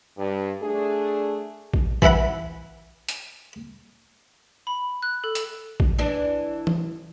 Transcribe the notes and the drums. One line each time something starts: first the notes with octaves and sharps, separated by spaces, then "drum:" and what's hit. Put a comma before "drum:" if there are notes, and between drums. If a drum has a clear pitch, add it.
G2
A3 D4 G#4
drum: kick A1
E3 E4 E5 F#5 B5, drum: kick A1
drum: hi-hat
B5
F#6
A4
drum: hi-hat
drum: kick A1
E3 D4
drum: tom E3